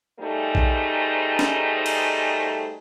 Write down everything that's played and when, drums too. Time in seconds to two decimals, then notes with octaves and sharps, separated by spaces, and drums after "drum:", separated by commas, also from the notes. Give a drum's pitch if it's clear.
0.20 D#3 G3 A3 D#4 G#4 C5
0.55 drum: kick A#1
1.39 drum: snare
1.86 drum: cymbal